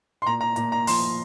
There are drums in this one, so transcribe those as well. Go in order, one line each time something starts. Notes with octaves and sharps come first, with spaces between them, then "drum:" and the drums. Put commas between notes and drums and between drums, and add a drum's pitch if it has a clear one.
C6
A#2 A#5
A#5
A#2 A#5, drum: hi-hat
A#5
F3 C6, drum: open hi-hat